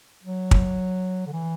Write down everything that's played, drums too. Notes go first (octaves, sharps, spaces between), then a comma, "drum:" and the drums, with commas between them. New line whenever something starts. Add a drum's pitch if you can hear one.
F#3
drum: kick
D3
E3